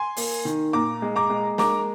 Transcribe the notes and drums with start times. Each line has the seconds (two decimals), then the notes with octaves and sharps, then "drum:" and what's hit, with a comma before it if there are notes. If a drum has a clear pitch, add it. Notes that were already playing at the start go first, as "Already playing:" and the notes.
Already playing: G#5 C6
0.17 A#3, drum: open hi-hat
0.45 D#3
0.73 A#2 A#5 D6
1.02 G#3
1.16 A#5 D6
1.30 G#3
1.58 A#3 A#5 D6, drum: snare